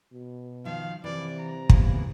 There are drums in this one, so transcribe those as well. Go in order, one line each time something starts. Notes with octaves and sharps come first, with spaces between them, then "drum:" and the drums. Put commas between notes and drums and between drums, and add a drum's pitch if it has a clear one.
B2
D#3 F3 F5
C3 E3 D5
A#5
E2 A#2 E3, drum: kick